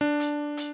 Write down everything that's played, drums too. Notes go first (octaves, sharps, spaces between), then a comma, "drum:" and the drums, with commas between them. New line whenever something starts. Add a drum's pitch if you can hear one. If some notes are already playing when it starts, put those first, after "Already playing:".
D4
drum: hi-hat
drum: hi-hat